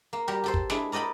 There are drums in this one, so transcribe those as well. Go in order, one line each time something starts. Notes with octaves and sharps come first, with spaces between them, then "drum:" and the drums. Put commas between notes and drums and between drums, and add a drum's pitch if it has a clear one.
A#3
G3 G4 A#4
G4 A4 C5
drum: kick
G#3 D4 E4, drum: snare
A#4 D5 D#5 G5 B5